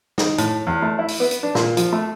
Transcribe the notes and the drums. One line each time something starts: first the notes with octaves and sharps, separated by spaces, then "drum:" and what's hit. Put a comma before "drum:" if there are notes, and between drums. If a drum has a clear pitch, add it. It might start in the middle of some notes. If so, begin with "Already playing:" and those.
D#4, drum: snare
A2, drum: hi-hat
E2
A3
E4
drum: open hi-hat
B3
drum: hi-hat
D4
A#2, drum: snare
F3, drum: hi-hat
A3